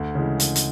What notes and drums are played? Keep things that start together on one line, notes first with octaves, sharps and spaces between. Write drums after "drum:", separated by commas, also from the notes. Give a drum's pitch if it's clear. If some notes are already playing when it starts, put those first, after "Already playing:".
Already playing: D2
C#3 E3 G#3
drum: hi-hat
drum: hi-hat